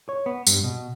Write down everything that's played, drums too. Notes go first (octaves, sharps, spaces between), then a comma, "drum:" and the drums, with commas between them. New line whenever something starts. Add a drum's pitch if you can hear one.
C#5
B3
G2, drum: tambourine
B2